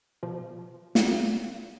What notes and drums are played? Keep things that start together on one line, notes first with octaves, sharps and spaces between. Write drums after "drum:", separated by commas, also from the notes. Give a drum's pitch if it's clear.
B2 F3
drum: snare